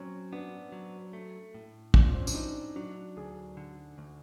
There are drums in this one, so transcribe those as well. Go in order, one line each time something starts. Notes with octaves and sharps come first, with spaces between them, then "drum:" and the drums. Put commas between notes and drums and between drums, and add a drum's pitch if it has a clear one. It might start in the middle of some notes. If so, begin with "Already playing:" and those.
Already playing: F#3 C4 C#4
B3 D4
F#3
A3
A2
F3 D4, drum: kick
C4
C#4
D4, drum: tambourine
A2 D#4
F#3 D4
D2 G#4
D3
D2